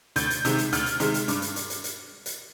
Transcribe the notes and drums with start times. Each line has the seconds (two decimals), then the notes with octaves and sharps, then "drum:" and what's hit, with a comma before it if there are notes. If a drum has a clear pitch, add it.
0.16 D2 G6, drum: hi-hat
0.30 drum: hi-hat
0.45 C3 D#3 G#3, drum: hi-hat
0.58 drum: hi-hat
0.73 D2 F6, drum: hi-hat
0.86 drum: hi-hat
1.00 C3 D#3 G#3, drum: hi-hat
1.14 drum: hi-hat
1.28 G2 D6, drum: hi-hat
1.42 drum: hi-hat
1.56 drum: hi-hat
1.70 drum: hi-hat
1.84 drum: hi-hat
2.26 drum: hi-hat